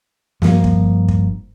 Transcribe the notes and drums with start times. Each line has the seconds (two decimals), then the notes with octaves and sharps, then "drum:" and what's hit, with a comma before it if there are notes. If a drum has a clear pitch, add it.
0.42 G2 F3 A#3, drum: snare
0.64 drum: kick
1.09 drum: kick